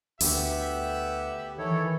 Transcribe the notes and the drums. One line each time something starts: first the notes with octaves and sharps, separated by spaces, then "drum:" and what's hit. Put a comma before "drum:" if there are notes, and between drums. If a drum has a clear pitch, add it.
D2 A3 B3 G4 E5, drum: open hi-hat
D#3 E3 E4 A4 C#5